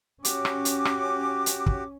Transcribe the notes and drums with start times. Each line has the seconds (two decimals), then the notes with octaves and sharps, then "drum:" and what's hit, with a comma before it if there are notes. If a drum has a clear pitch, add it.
0.25 C#4 F#4 G4 D6, drum: hi-hat
0.45 drum: rim click
0.65 drum: hi-hat
0.85 drum: rim click
1.46 drum: hi-hat
1.66 drum: kick